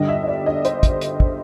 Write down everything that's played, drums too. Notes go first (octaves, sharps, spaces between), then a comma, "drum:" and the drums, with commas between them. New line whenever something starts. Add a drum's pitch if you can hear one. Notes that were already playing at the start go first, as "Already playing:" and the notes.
Already playing: G2 D3 G3 D#5
E5
D#5
D5
D#5
C5, drum: hi-hat
drum: kick, hi-hat
drum: hi-hat
drum: kick